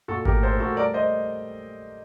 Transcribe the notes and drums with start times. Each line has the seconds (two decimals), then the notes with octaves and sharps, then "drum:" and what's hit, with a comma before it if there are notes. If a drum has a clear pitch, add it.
0.08 A#2 F#4 A4
0.25 G4 A#4, drum: kick G#1
0.32 A3
0.43 A4 C5
0.54 A3
0.60 F#4 A4
0.77 G3 A#4 D5
0.94 C5 D#5